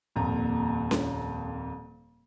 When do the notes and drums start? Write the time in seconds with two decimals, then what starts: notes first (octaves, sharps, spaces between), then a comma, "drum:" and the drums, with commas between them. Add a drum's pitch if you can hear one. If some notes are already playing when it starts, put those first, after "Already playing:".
0.16 D#1 F2 A#2 A#5
0.91 drum: snare C#4